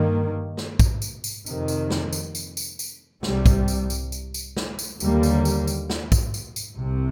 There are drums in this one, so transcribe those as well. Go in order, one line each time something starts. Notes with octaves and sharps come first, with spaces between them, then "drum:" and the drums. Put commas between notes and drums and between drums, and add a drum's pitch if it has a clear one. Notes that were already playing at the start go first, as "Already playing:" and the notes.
Already playing: G2 D#3 A#3
drum: snare
drum: kick, tambourine
drum: tambourine
drum: tambourine
F2 C3 D#3, drum: tambourine
drum: tambourine
drum: snare
drum: tambourine
drum: tambourine
drum: tambourine
drum: tambourine
C2 C3 G3, drum: snare
drum: kick, tambourine
drum: tambourine
drum: tambourine
drum: tambourine
drum: tambourine
drum: snare
drum: tambourine
D#2 D3 G3 A#3, drum: tambourine
drum: tambourine
drum: tambourine
drum: tambourine
drum: snare
drum: kick, tambourine
drum: tambourine
drum: tambourine
C2 C3